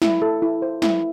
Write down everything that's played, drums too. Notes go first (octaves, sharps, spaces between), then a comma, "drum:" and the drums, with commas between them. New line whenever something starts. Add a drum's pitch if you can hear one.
E4, drum: snare
A4
E4
C5
E4, drum: snare